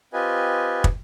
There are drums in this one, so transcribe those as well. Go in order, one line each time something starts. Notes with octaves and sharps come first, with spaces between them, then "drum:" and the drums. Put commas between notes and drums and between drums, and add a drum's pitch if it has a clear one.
C4 F4 G4 B4 D#5 G#5
drum: kick